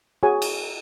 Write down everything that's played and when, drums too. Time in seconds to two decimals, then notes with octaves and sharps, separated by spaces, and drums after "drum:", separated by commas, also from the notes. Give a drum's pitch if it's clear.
0.23 F#4 G#4 C#5 G#5
0.42 drum: cymbal